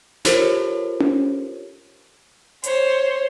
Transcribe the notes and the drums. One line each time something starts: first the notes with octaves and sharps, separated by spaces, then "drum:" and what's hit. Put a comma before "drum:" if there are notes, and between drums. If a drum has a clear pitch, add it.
F4 G4 A4 A#4 C5 C#5, drum: snare
drum: tom C#4
C5 C#5, drum: hi-hat